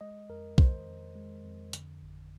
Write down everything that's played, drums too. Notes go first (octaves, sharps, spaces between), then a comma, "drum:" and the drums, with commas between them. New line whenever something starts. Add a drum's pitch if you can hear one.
G#3 D#5
F2 A#4
D#3 C5, drum: kick B1
F2
G#3
F2
D3, drum: hi-hat
G#1